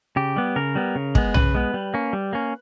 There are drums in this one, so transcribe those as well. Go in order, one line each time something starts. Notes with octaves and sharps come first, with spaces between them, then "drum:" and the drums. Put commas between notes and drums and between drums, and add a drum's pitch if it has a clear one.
C#3 G4
G3 B3
C#3 A#4
G3 B3
C#3
G#3 B3, drum: kick
C#3 B4, drum: tom
G#3 B3
G3
A#3 C#4
G3
A#3 C#4